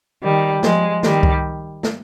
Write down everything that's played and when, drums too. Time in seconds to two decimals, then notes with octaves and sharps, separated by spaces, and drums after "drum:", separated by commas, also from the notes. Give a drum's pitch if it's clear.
0.23 D#3 G3
0.63 F3 G#3, drum: snare
1.03 D#3 G3, drum: snare
1.23 drum: kick C2
1.83 drum: snare